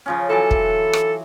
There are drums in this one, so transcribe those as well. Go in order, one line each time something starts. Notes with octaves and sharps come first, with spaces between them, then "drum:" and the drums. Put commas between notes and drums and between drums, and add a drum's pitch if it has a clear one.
C#3 F3 C#4
E3 F#3 A4 D6
drum: kick
drum: rim click